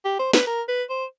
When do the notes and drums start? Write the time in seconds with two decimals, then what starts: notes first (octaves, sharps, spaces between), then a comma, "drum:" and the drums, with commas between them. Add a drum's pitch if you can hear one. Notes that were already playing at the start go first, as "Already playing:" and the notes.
0.05 G4
0.19 C5
0.33 B4, drum: snare
0.47 A#4
0.68 B4
0.90 C5